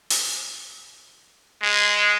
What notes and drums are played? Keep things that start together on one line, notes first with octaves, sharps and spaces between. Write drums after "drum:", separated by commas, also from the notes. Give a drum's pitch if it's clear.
drum: open hi-hat
G#3